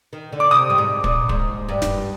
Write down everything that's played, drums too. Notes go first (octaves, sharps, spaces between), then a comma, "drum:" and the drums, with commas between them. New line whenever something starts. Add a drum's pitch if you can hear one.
D#3
D3
D6
C3 D#6
G2
G#2
A#2, drum: kick
G#2, drum: kick
G2
drum: snare